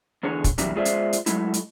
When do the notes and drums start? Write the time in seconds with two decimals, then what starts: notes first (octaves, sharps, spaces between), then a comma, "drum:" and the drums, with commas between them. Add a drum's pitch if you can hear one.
0.23 E2 D3 G#4 C#5
0.44 drum: kick, hi-hat
0.58 G2 C3 E3 F#3 G3, drum: hi-hat
0.76 G#3 F4 G#4 C5 D5 E5
0.85 drum: hi-hat
1.13 drum: hi-hat
1.26 F#3 G#3 A3 E4, drum: hi-hat
1.54 drum: hi-hat